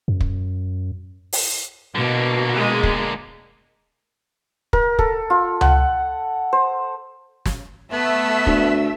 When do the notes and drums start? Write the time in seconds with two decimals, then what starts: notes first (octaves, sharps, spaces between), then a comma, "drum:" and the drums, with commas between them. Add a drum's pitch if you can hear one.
0.08 F#2
0.21 drum: kick
1.33 drum: open hi-hat
1.95 B2 D3 A#3
2.54 G#3
2.83 drum: kick
4.73 A#4, drum: kick
4.99 A4, drum: kick
5.30 F4
5.61 F#5, drum: tom C#2
6.53 C5
7.46 drum: snare
7.93 A3 B3 A4 E5 E6
8.47 D2, drum: kick